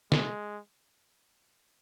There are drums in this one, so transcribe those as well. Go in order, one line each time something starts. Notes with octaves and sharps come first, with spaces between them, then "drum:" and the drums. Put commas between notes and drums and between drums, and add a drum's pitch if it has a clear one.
G#3, drum: snare